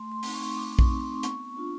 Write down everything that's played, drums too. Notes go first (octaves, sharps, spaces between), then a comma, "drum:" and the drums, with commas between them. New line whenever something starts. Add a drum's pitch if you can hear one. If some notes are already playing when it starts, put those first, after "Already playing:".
Already playing: A3 C6
C6
C4 D#4, drum: open hi-hat
C#6
A3 D6
C#6, drum: kick A#1
C4 D#4
C6
B3 C#6, drum: hi-hat
D4 F4